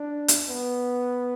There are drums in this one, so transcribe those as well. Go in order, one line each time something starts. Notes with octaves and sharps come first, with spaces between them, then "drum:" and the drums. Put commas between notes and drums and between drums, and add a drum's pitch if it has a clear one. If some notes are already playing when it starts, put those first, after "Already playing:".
Already playing: D4
drum: hi-hat
B3